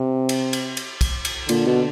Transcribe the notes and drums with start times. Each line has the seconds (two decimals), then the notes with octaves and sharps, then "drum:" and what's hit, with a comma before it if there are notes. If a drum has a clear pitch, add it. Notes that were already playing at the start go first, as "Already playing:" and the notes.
Already playing: C3
0.29 drum: cymbal
0.53 drum: cymbal
0.77 drum: cymbal
1.01 drum: kick, cymbal
1.25 drum: cymbal
1.49 A#2 D3, drum: cymbal
1.67 B2